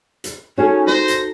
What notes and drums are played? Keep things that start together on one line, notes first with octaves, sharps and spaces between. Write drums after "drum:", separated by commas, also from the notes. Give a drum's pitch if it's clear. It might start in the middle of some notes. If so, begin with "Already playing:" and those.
drum: hi-hat
C#4 D#4 F#4 G#4 A4
C5 A#6, drum: snare
drum: hi-hat